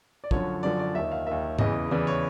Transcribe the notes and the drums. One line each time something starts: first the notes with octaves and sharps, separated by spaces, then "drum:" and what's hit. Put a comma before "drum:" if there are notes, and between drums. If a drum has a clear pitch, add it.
D5
F#2 D3 F3 C#5, drum: kick
F#2 D3 F3 D5
D5
D#2 D#3 E5
F5
D#2 D#3 E5
E2 C#3 E3 D#5, drum: tom
E2 C#3 E3 D5
C#5